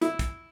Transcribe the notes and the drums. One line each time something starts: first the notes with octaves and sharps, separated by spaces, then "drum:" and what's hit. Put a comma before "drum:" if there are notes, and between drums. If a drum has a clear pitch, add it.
E4, drum: hi-hat
drum: kick, hi-hat